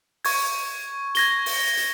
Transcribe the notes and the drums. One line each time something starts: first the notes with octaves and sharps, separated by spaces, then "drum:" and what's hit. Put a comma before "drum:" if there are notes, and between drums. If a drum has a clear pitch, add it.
C#6 G#6, drum: open hi-hat
G#6 A#6 G7, drum: hi-hat
drum: open hi-hat
drum: hi-hat